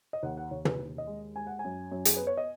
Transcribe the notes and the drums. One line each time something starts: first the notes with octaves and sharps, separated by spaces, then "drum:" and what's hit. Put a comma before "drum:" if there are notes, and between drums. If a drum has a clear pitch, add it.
D#5
D#2 F#5
F#5
D#2 C#5
B4, drum: tom
D#2
D#5
G#3
G#3 G#5
F#5
G#5
F#2
F#2
G#4, drum: hi-hat
B3 B4
C#5
D#5